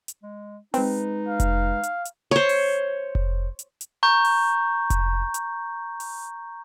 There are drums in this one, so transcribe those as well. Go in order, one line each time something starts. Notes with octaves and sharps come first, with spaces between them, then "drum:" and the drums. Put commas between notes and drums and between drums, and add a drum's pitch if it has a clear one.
drum: hi-hat
G#3
G#3 C4 D#4 B4, drum: open hi-hat
F5
drum: kick F1, hi-hat
drum: hi-hat
drum: hi-hat
C5 C#5
drum: open hi-hat
drum: kick F1
drum: hi-hat
drum: hi-hat
A#5 C#6 G6
drum: open hi-hat
drum: kick F1, hi-hat
drum: hi-hat
drum: open hi-hat